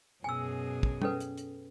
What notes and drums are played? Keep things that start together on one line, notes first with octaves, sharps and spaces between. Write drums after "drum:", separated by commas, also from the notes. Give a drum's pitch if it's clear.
F#2 B2 G#4 G#5 E6
drum: kick
C#4 A4 B4, drum: tom
drum: hi-hat
drum: hi-hat